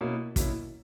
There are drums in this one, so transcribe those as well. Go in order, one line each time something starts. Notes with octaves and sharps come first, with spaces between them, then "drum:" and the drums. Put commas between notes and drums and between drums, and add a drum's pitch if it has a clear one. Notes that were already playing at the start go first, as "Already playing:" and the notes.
B2 A#3 C#4 E4
B2 A#3 C#4 E4, drum: kick, hi-hat